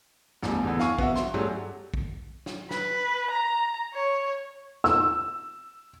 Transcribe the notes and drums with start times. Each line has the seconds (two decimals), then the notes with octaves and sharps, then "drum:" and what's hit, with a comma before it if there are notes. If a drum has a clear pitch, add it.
0.43 A1 E2 G2, drum: snare
0.63 E2 D3 E3
0.80 F5 G#5 C#6, drum: snare
0.99 B3 F#4 E5, drum: kick
1.16 C6, drum: snare
1.34 F#3 G3 A3 G#4, drum: tom G2
1.94 drum: kick
2.46 drum: snare
2.71 B4, drum: snare
3.30 A#5
3.94 C#5
4.84 E6, drum: snare